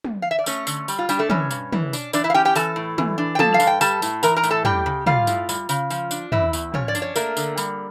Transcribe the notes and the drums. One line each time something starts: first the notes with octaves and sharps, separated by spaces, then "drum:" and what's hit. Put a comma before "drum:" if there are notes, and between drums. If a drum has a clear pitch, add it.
drum: tom
F5
E5
D5
A3 C#4 C#5, drum: tambourine
D3, drum: tambourine
G3, drum: tambourine
F4
G3 D4 G4, drum: tambourine
A3 A4
E3 C#4 C#5, drum: tom
G2, drum: tambourine
E3, drum: tom
D4, drum: tambourine
E3 D4 D5, drum: tambourine
E4 E5
F5
C#4 G4 G5
G4 G5
E3 A4 A5, drum: tambourine
A2
E3, drum: tom
D4
G5
F3 A4 A5, drum: tom
F5
G2, drum: tambourine
G5
G3 A4 A5, drum: tambourine
A2, drum: tambourine
E3 A#4 A#5, drum: tambourine
A#4 A#5
A2, drum: tambourine
A4 A5
G3 G4 G5, drum: tom
C#3
G3 F4 F5, drum: tom
A2, drum: tambourine
G3, drum: tambourine
C#3, drum: tambourine
F3, drum: tambourine
D4, drum: tambourine
E3 E4 E5, drum: tom
E2, drum: tambourine
F3 C#4 C#5, drum: tom
D5
D4, drum: tambourine
C#5
A3 A#3 A#4, drum: tambourine
D3, drum: tambourine
G3, drum: tambourine